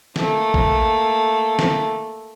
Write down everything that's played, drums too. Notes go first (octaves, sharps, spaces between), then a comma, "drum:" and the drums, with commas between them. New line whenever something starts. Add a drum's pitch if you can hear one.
A3 A#3, drum: snare
drum: kick A1
drum: snare